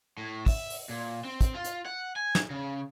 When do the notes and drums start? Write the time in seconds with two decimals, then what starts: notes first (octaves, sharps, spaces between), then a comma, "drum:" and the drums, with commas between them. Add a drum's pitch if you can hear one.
0.18 A2
0.46 E5, drum: kick, open hi-hat
0.70 drum: open hi-hat
0.89 A#2
1.25 C4
1.41 drum: kick, hi-hat
1.55 F4
1.64 drum: hi-hat
1.86 F#5
2.16 G#5
2.35 drum: snare
2.50 C#3